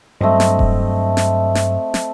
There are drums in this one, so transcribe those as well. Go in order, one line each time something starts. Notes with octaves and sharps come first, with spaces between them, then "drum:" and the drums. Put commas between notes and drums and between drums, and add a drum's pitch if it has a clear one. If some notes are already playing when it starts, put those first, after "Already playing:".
G2 F#3 A3 C4 D#5
drum: snare
drum: kick E1
drum: snare
drum: snare
drum: snare